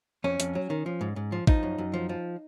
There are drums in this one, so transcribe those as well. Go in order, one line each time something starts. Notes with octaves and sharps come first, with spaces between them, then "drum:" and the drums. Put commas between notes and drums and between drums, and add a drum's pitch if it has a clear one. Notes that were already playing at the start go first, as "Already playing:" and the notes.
F2 C#4
F2, drum: hi-hat
F#3
D#3
F3
G#2
G#2
F3
F3 D#4, drum: kick
F#2
F#2
F3
F3